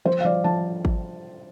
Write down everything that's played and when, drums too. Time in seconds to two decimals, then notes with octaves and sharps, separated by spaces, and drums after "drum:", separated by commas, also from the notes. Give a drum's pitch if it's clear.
0.05 F3 C5
0.21 F5
0.24 F3 D5
0.44 F3 A5
0.85 drum: kick G#1